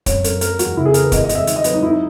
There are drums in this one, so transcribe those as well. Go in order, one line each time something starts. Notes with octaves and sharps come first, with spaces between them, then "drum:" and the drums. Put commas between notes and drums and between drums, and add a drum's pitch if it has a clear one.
F#2 C#5, drum: kick, hi-hat
F#2 A#4, drum: hi-hat
F#3 A#4, drum: hi-hat
E2 F#4, drum: hi-hat
C#3 E4
G#4
E2 A#4, drum: hi-hat
B4
E2 D#5, drum: kick, hi-hat
D#5
E2, drum: hi-hat
E5
D#3, drum: hi-hat
D#5
F#3 B4, drum: hi-hat
D#4
F#3 E4
D#4